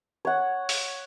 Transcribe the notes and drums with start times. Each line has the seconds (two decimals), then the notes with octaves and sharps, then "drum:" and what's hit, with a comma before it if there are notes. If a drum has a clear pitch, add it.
0.25 C#5 F#5
0.69 drum: open hi-hat